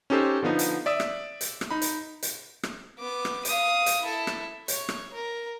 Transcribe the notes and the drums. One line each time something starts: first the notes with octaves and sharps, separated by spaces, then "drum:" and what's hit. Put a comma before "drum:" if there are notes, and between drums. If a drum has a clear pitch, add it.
C#4 D#4 G4 A4 C5
D3 F3 B3 D#4
drum: hi-hat
D5 E5 D#6
drum: rim click
drum: hi-hat
drum: rim click
D#4 B5
drum: hi-hat
drum: hi-hat
drum: rim click
B3 D6
drum: rim click
F5 D#6, drum: hi-hat
drum: hi-hat
E4 A4
drum: rim click
C#5, drum: hi-hat
drum: rim click
A#4